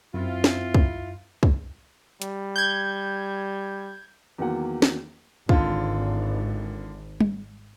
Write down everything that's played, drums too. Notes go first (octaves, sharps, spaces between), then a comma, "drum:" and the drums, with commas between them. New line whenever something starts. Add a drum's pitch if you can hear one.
F#2 C4 E4 F4
drum: snare
drum: kick
drum: kick
G3, drum: hi-hat
G6 G#6
E2 D#3 F#3 A#3 F#5
drum: snare
G#1 D3 F4, drum: kick
drum: tom